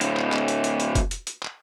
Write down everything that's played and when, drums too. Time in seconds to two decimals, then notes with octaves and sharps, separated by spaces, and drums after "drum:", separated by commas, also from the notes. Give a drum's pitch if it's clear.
0.01 A2 D3, drum: hi-hat
0.17 drum: clap
0.32 drum: clap
0.48 drum: hi-hat
0.64 drum: hi-hat
0.80 drum: hi-hat
0.95 drum: kick, hi-hat
1.11 drum: hi-hat
1.27 drum: hi-hat
1.43 drum: clap